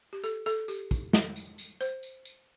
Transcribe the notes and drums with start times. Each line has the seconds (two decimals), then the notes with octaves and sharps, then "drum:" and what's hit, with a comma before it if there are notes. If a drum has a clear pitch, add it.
0.13 G4
0.24 A4, drum: tambourine
0.46 A4, drum: tambourine
0.68 G4, drum: tambourine
0.91 drum: kick, tambourine
1.13 drum: snare
1.36 drum: tambourine
1.58 drum: tambourine
1.81 C5, drum: tambourine
2.03 drum: tambourine
2.25 drum: tambourine